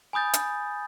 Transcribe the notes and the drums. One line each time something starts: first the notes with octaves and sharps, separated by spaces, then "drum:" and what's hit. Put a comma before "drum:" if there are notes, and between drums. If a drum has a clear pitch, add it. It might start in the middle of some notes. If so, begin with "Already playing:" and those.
G#5 B5 D#6 G6 A6
drum: hi-hat